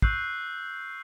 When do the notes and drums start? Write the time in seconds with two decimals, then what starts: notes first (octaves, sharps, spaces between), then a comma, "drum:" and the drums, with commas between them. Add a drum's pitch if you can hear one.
0.02 C#6 E6 F#6 G6 C7, drum: kick